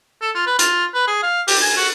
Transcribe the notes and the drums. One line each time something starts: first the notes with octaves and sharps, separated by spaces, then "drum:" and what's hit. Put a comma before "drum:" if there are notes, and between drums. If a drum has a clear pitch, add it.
A4
F4
B4
F4, drum: hi-hat
B4
G#4
F5
G4, drum: open hi-hat
G#5
F#4